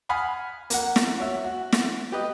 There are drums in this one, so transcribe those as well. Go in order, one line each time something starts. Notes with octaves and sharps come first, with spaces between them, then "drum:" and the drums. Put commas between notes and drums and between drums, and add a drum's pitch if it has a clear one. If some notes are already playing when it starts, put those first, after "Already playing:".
F5 F#5 G#5 B5 D#6
A#3 F#5, drum: hi-hat
drum: snare
F#4 C#5 E5
F#4
drum: snare
G4 B4 D#5